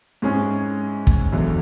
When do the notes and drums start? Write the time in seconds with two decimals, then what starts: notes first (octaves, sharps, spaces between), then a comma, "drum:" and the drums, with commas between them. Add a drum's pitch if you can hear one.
0.22 G#2 G#3 C#4 E4 G#4
1.07 drum: kick
1.32 E1 E2 D3 F#3